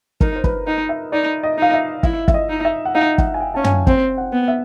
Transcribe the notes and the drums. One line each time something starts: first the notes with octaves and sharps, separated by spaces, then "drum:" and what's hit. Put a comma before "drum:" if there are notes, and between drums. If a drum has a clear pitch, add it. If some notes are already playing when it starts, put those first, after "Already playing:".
D#4 A#4, drum: kick
C5
B4, drum: kick
D#4 D#5
E5
D#4 D5
D#5
D#4 F5
E5
E4 E5, drum: kick
E5, drum: kick
D#5
D#4
E5
F#5
D#4 F5
F#5, drum: kick
G#5
G5
C#4 A5
G#5, drum: tom
C4 G5, drum: kick
F#5
B3
E5